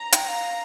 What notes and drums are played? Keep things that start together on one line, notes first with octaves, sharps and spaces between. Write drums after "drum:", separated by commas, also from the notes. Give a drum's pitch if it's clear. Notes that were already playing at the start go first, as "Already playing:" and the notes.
Already playing: A#5
G5, drum: hi-hat
F5